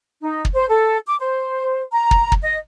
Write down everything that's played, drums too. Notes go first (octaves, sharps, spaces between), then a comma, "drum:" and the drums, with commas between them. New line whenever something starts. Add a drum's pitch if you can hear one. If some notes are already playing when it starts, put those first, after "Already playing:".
D#4
drum: kick
C5
A4
D6
C5
A#5
drum: kick
drum: kick
D#5